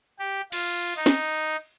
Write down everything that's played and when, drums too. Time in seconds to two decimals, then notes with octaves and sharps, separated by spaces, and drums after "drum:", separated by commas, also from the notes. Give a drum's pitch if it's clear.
0.19 G4
0.52 F4, drum: cymbal
0.96 D#4
1.06 drum: snare